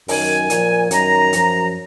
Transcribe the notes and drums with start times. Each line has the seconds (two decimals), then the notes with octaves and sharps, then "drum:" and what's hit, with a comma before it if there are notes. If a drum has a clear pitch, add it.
0.08 F#2 D#3 F#3 G#5, drum: open hi-hat
0.50 A#2 F3, drum: hi-hat
0.91 F#2 D#3 F#3 A#5, drum: hi-hat
1.33 F#2 F3, drum: hi-hat